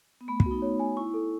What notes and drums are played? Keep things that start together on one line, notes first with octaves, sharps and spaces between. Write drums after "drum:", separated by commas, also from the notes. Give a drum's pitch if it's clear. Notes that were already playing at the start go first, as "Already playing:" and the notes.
B3
A3 B5
B3, drum: kick
D#4 F#4
C#5
G#5
E4 C#6
A4